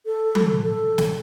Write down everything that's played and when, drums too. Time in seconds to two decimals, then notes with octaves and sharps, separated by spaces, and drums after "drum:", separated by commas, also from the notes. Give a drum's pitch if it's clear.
0.06 A4
0.35 drum: tom F3
0.63 A4
0.98 drum: snare